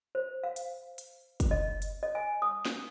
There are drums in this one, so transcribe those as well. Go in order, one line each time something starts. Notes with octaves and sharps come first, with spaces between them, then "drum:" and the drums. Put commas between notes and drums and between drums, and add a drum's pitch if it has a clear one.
C5
F5
drum: hi-hat
drum: hi-hat
drum: kick, hi-hat
D#5
drum: hi-hat
D#5
G#5
D#6
drum: snare